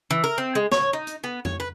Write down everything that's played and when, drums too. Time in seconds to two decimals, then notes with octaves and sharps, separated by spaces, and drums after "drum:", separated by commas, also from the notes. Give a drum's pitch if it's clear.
0.11 E3
0.24 A#4
0.38 C4
0.55 G#3
0.72 C#5, drum: snare
0.93 D#4
1.07 drum: hi-hat
1.24 B3
1.45 C#5, drum: tom F2
1.60 B4